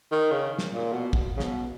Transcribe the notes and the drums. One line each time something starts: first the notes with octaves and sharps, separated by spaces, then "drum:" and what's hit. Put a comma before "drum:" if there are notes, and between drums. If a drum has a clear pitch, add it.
D#3
C#3
drum: snare
A#2
B2
drum: kick
C#3
B2, drum: snare